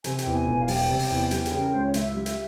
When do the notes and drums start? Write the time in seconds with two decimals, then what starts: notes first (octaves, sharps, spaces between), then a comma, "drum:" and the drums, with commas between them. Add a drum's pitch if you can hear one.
0.04 C3 G#5, drum: hi-hat
0.19 G5, drum: hi-hat
0.26 E2
0.32 G#5
0.47 E1
0.59 F5
0.68 G3 G5, drum: open hi-hat
0.89 C3
0.99 drum: open hi-hat
1.10 E2
1.31 G3, drum: hi-hat
1.46 G#4, drum: hi-hat
1.51 C#3
1.57 A#4
1.70 C#2 C5
1.82 C#5
1.94 C#2 E5, drum: hi-hat
2.15 G3
2.26 drum: hi-hat